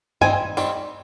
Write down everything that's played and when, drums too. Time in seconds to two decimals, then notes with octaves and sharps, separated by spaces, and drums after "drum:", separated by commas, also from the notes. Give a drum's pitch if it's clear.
0.21 G3 C4 D#4 G#5, drum: tom G2
0.57 D#3 G3 C4, drum: tambourine